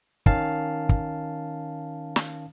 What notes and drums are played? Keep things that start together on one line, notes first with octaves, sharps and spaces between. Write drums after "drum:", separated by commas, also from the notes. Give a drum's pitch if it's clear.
D#3 C#4 F5 A5, drum: kick
drum: kick
drum: snare